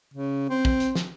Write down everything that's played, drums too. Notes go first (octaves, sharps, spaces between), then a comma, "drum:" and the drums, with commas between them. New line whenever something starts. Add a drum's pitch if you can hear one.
C#3
C4
drum: kick
drum: hi-hat
drum: snare